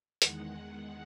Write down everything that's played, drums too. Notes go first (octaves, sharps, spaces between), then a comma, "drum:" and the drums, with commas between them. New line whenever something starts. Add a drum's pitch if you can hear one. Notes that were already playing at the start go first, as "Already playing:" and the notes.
E2 D#3 G#3 F#5, drum: hi-hat